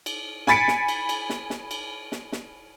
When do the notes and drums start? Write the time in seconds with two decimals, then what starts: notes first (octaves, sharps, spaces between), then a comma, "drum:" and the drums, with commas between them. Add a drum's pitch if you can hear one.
0.06 drum: cymbal
0.47 G#5 B5 A6 B6 C#7 D7, drum: snare
0.68 drum: snare
0.88 drum: cymbal
1.09 drum: cymbal
1.30 drum: snare
1.50 drum: snare
1.71 drum: cymbal
2.12 drum: snare
2.32 drum: snare